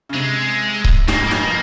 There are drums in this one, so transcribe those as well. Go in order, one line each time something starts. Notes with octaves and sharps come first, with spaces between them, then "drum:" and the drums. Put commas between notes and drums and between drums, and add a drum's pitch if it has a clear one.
C#3
C3 G#3
drum: kick C#1
G#2 A#3, drum: snare
F2
G2, drum: snare